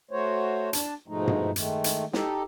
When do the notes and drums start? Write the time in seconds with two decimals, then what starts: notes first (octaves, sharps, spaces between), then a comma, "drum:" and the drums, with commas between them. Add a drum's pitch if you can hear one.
0.11 A3 F#4 C5 C#5
0.73 D4 A5, drum: hi-hat
1.08 G#2 B2 F3 G#3 A3 D#4
1.28 drum: tom G2
1.56 D#3 G#3 A3, drum: hi-hat
1.84 drum: hi-hat
2.13 D#4 G4 A4, drum: snare